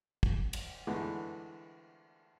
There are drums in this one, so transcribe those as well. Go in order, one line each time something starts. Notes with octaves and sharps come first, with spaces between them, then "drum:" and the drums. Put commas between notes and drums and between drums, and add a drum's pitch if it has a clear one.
drum: kick
drum: cymbal
D3 E3 G#3 A3 B3